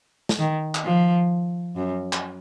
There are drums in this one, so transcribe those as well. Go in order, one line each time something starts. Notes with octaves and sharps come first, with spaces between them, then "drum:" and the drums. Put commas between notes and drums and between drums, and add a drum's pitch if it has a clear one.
drum: snare
D#3
drum: clap
F3
F#2
drum: clap